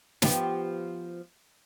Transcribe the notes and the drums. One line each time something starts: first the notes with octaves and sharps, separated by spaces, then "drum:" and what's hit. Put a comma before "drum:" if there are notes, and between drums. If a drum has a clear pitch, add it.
F3 B3 G4, drum: snare